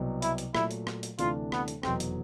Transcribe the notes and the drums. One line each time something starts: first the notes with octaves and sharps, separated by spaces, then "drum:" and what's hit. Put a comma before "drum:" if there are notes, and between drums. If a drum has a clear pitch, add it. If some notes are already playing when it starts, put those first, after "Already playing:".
Already playing: C2 B2 F#3 B3
E4, drum: hi-hat
drum: hi-hat
A#2 F#3 A3 E4, drum: rim click
drum: hi-hat
drum: rim click
drum: hi-hat
D2 C3 E3 A3 D4 F4, drum: hi-hat
B3, drum: rim click
drum: hi-hat
F1 E2 B2 F#3 B3 C4, drum: rim click
drum: hi-hat